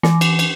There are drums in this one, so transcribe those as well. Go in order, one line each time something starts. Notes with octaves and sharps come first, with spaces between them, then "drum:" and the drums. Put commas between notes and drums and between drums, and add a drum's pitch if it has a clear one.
E3, drum: snare
drum: cymbal
drum: cymbal